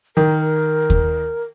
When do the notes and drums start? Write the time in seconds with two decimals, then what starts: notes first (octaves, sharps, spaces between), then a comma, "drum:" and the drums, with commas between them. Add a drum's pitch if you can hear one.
0.17 D#3 A#4
0.90 drum: kick